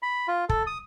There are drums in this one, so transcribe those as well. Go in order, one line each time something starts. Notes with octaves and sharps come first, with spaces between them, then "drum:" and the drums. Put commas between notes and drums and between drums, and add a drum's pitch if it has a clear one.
B5
F4
A4, drum: kick
D#6